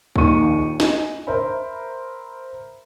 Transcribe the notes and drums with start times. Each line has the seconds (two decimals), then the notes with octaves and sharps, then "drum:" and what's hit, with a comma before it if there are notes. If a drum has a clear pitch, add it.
0.16 A#1 D#2 D#3 D#4 C#6 D#7, drum: kick C2
0.80 D#5 G#5, drum: snare
1.27 A#4 C5 E5 B5